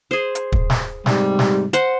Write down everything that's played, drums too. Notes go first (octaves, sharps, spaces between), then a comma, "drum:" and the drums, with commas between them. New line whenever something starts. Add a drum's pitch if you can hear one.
G#4 C5
drum: hi-hat
drum: kick
drum: snare
G#2 C3 G3, drum: snare
drum: snare
C5 F#5, drum: hi-hat